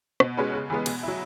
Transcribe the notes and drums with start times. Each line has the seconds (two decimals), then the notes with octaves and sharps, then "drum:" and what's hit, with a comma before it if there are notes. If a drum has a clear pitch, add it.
0.20 B2, drum: rim click
0.37 G#3 C#4 F#4 B4
0.53 C#3
0.70 E3 G#3 B3
0.86 B2, drum: cymbal
1.03 F#3 E4